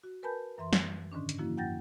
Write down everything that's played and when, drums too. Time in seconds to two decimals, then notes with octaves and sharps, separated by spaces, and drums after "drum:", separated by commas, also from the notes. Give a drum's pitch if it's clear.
0.04 F#4
0.23 A#4 B4 G#5 A5 B5 G6
0.58 F#2 E3 E5 C6
0.73 drum: snare
1.12 G#2 D3 D#3 C#4 D4
1.29 drum: hi-hat
1.38 F3 A#3 E4 F#4
1.57 F#2 F#5 G5 G6 A6 A#6